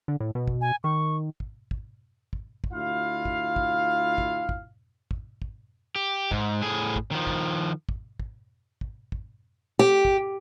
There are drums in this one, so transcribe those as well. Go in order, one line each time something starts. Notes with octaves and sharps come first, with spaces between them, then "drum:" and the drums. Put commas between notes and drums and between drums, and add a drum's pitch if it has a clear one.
D3
A2
B2
drum: kick
G#5
D#3 C#6
drum: kick
drum: kick
drum: kick
drum: kick
D2 E4 F4 F5
drum: kick
drum: kick
drum: kick
drum: kick
drum: kick
drum: kick
G4
G#2, drum: kick
A2 G#4
drum: kick
D#3 F3
drum: kick
drum: kick
drum: kick
drum: kick
drum: kick
G4
drum: kick